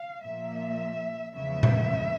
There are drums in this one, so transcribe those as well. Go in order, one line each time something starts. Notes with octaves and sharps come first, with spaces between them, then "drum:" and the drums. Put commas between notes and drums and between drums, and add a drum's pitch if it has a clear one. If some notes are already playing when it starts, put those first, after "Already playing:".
Already playing: F5
A#2 F3 A#3 E5
E2 C#3 F3 G#3 B3 E5
drum: tom A#2